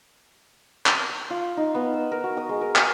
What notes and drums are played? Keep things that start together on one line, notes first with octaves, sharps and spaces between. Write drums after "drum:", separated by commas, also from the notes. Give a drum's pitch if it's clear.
drum: clap
C#6
F4
D#4
B3
E6
A#4
F#4
D#6
G#3
A#4
G#5, drum: clap